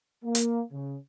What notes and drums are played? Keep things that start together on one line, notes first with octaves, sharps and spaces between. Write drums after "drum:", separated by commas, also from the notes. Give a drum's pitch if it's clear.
A#3
drum: hi-hat
C#3